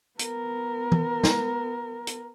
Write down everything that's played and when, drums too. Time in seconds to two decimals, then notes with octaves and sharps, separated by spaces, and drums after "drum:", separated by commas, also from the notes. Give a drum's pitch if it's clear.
0.19 B3 A#4, drum: hi-hat
0.92 drum: tom E3
1.24 drum: snare
2.07 drum: hi-hat